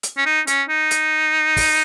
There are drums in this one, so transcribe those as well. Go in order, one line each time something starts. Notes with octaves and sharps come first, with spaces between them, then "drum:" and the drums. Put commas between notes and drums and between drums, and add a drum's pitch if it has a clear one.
drum: hi-hat
C#4
D#4
C#4, drum: hi-hat
D#4
drum: hi-hat
drum: kick, open hi-hat